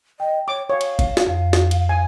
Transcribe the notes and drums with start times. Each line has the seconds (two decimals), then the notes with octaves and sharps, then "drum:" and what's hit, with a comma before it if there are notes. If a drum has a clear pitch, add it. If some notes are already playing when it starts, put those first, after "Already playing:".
0.20 D#5 G5
0.48 C#5 D6
0.70 C#5 F5
0.81 drum: cymbal
0.99 drum: kick G1, cymbal
1.17 drum: snare
1.27 F2 F5
1.53 drum: snare
1.71 drum: cymbal
1.89 G#5